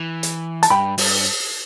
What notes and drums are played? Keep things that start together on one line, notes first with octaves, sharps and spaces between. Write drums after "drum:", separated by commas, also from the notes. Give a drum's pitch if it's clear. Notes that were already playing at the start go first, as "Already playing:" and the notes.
Already playing: E3
drum: hi-hat
A5, drum: hi-hat
G2 G5 B5
G2, drum: open hi-hat